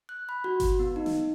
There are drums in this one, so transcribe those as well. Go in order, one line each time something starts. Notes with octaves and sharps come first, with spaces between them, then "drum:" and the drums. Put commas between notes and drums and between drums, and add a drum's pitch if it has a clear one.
F#6
B5
F#4
drum: kick G1, hi-hat
B3
D#4
drum: snare